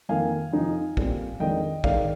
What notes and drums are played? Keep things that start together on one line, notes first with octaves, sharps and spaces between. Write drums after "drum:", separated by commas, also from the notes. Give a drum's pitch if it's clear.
F2 D#3 A#3 F5 G#5
F2 C3 F3 C4 D#4
A#2 G3 C4, drum: kick
F2 D#3 G#3 D4 D#5 G5
G#2 D#3 G#3 D5 F5, drum: kick